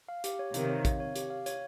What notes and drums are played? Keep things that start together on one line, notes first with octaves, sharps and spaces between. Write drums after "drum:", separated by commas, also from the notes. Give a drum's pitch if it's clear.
F5
G4, drum: hi-hat
C#5
C3 D#3 F5, drum: hi-hat
C#5
F5, drum: kick, hi-hat
C#5
G4, drum: hi-hat
F5
C#5, drum: hi-hat